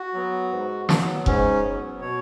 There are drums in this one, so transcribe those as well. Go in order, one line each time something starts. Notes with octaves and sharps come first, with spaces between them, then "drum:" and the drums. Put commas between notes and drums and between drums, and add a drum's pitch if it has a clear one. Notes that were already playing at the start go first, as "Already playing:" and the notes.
Already playing: F#4
F#3 B3
G#2
F#3 B3, drum: snare
G#2 C#4, drum: kick F1
F#3 B3
B2 C#5